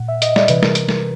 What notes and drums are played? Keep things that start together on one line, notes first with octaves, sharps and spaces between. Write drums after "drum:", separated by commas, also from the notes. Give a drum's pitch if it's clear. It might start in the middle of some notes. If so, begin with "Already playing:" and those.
Already playing: A#2 F#5
E5
D#5, drum: hi-hat
D5, drum: snare
C3 E3 B4, drum: hi-hat
A#4, drum: snare
A#4, drum: hi-hat
A#4, drum: snare